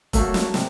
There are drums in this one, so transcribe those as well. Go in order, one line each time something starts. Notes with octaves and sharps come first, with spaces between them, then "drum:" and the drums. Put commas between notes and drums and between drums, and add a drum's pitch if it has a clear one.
F#3 A3 A#3 F#4 A4, drum: kick, hi-hat
drum: snare
C3, drum: snare